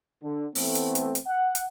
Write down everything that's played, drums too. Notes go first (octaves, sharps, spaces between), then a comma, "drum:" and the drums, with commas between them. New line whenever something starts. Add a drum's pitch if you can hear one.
D3
E3 A3 B3 C4, drum: open hi-hat
drum: hi-hat
drum: hi-hat
drum: hi-hat
F#5
drum: hi-hat